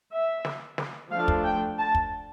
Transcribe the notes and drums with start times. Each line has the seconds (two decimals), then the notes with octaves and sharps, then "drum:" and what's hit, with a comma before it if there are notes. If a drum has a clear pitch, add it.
0.11 E5
0.45 drum: snare
0.78 drum: snare
1.11 F3 A3 D4 F5
1.28 drum: kick
1.45 G5
1.78 A5
1.95 drum: kick